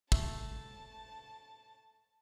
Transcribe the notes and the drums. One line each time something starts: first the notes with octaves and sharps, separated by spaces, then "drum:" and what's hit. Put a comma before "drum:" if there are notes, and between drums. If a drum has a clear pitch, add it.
A3 A5, drum: kick